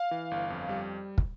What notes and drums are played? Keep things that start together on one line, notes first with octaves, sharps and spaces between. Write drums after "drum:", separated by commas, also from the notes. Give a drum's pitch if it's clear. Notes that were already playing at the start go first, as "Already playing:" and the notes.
Already playing: F5
E3
G1
F2
G3
drum: kick